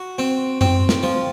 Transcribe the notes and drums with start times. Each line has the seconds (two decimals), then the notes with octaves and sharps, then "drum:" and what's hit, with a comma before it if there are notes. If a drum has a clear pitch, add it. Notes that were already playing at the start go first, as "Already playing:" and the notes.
Already playing: F#4
0.18 C4
0.61 C4, drum: tom F#2
0.89 drum: snare
1.03 F3